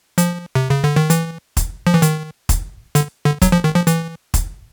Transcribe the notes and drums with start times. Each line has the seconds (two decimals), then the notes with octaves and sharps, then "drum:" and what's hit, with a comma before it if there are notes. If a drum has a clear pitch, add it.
0.18 F3, drum: hi-hat
0.55 C3
0.70 C#3
0.84 D3
0.96 D#3
1.10 E3, drum: hi-hat
1.57 drum: kick, hi-hat
1.87 F3
1.94 E3
2.02 D#3, drum: hi-hat
2.49 drum: kick, hi-hat
2.95 D3, drum: hi-hat
3.25 D3
3.42 F#3, drum: kick, hi-hat
3.52 F3
3.64 D#3
3.75 F3
3.87 E3, drum: hi-hat
4.34 drum: kick, hi-hat